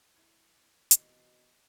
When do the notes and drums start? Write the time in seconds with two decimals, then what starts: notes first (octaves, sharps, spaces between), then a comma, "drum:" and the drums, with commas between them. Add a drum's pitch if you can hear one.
0.17 E4 G#6
0.91 C3 E3 B3 F#4 D#5 C7, drum: hi-hat